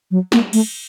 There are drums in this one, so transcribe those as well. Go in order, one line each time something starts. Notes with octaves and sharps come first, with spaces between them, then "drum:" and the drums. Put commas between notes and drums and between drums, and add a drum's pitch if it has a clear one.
F#3
A#3, drum: snare
A3, drum: cymbal